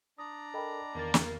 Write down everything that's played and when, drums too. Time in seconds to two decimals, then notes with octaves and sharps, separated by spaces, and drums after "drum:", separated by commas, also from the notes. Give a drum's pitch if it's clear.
0.18 D4 D5 A#5 D#6
0.54 A4 A#4 D#5 G5 B5
0.95 E2 D#3 A#3 A6
1.14 drum: snare